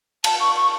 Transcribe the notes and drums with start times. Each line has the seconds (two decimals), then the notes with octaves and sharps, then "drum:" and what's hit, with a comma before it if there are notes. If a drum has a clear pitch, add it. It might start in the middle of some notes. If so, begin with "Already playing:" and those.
0.24 A5, drum: cymbal
0.40 C#6
0.56 C#6